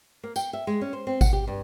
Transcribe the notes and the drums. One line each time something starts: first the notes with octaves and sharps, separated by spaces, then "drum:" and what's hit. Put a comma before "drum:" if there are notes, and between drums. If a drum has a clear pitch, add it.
A#3
G5, drum: tambourine
E5
G#3
C#4
C5
C4
F#5, drum: kick G#1, tambourine
G4
G2